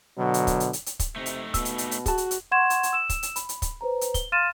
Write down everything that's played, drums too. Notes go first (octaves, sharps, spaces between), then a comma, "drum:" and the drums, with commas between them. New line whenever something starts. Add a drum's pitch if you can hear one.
B2 D3 F#3
drum: hi-hat
drum: kick, hi-hat
drum: hi-hat
drum: hi-hat
drum: hi-hat
drum: kick, hi-hat
C3 A3 D#4
drum: hi-hat
B2 E6, drum: kick, hi-hat
drum: hi-hat
drum: hi-hat
drum: hi-hat
F#4 G#4 A5, drum: kick, hi-hat
drum: hi-hat
drum: hi-hat
F#5 C6 C#6 G#6 E7
drum: hi-hat
drum: hi-hat
E6 E7
drum: kick, hi-hat
drum: hi-hat
B5, drum: hi-hat
drum: hi-hat
drum: kick, hi-hat
B4 C5 A#5
drum: hi-hat
G7, drum: kick, hi-hat
F5 C6 F6 A6 D#7 E7